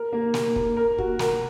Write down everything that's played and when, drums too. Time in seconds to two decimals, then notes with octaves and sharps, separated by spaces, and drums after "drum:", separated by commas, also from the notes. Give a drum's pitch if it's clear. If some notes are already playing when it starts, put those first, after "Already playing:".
Already playing: A#4
0.12 A#3
0.34 A#3, drum: snare
0.56 A#3, drum: kick
0.76 A#4
0.98 F#4, drum: kick
1.19 A#4, drum: snare